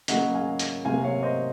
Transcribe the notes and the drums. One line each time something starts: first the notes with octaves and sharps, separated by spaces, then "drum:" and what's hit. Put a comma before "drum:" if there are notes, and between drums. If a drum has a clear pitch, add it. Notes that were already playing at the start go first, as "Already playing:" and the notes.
C#3 F#3 A#3 D#5 F#5, drum: hi-hat
F5 G#5
drum: hi-hat
C3 F#3 A#3 F5 G#5
C#5 F5
C5 D#5